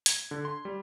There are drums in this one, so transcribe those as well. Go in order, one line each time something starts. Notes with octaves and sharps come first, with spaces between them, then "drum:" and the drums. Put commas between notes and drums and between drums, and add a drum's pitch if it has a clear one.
G#6, drum: hi-hat
D3
C6
G3